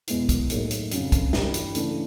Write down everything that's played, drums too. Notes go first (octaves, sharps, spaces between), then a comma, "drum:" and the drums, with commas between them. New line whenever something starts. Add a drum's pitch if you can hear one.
E2 B2 G#3 B3 E4, drum: hi-hat
drum: kick, hi-hat
A2 F#3 A#3 D#4 G#4, drum: hi-hat
drum: hi-hat
F2 C#3 F#3, drum: hi-hat
drum: kick, hi-hat
G2 E3 G3, drum: snare
drum: hi-hat
C#3 E3 A3 D4, drum: hi-hat